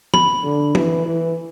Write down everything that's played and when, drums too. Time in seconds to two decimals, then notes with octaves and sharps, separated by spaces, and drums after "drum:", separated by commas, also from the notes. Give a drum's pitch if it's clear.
0.14 B5, drum: tom
0.44 D3
0.75 E3, drum: tom
1.06 E3